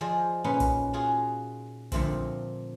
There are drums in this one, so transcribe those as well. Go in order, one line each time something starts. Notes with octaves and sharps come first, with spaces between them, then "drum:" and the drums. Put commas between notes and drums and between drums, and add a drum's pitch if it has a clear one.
F3 G#4 C5 D5 D#5
A#2 C#4 D#4 B4 D#5
drum: kick, hi-hat
F4 F#4 G#4
A#2 D3 F3 A3 C4, drum: kick, hi-hat